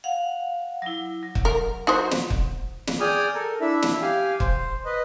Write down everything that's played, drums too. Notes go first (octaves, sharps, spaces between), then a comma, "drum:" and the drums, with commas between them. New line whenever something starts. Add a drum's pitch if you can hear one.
F5 F#5
F#3 E4
F#3
drum: kick
A#4
D#4 F#4 C5
drum: snare
drum: kick
drum: snare
G#4 D5 G5 G#5 D#6 F6
A4 A#4
D4 E4 E5
drum: snare
G4 F5 G#5
C5, drum: kick
B4 D#5